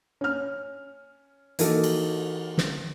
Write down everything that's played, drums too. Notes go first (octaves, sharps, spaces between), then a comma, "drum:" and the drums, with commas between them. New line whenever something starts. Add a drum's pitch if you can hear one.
C#4 F6
E3 A#3 D#4 F#4 A4, drum: hi-hat
drum: cymbal
drum: snare